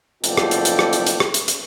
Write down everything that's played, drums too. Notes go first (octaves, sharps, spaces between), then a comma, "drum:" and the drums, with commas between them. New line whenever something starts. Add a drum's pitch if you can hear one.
F#1 B2 F3 A4 D5 G5, drum: hi-hat
drum: rim click
drum: hi-hat
drum: hi-hat
drum: rim click
drum: hi-hat
drum: hi-hat
drum: rim click
drum: hi-hat
drum: hi-hat